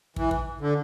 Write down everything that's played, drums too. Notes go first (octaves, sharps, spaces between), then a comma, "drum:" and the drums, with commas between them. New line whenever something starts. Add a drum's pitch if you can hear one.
E3, drum: kick
drum: kick
D3